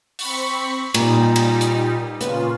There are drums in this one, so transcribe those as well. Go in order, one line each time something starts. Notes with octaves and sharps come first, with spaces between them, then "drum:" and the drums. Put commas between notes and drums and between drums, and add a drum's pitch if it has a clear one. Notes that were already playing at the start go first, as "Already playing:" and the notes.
C4 B5 C#6, drum: open hi-hat
A#2 G3 D#4, drum: cymbal
drum: cymbal
drum: hi-hat
A#2 C#3 B3 F4, drum: hi-hat